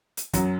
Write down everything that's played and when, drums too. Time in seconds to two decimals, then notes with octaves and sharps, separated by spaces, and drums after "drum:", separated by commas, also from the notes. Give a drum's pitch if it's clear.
0.17 drum: hi-hat
0.33 F#2 F#3, drum: kick, hi-hat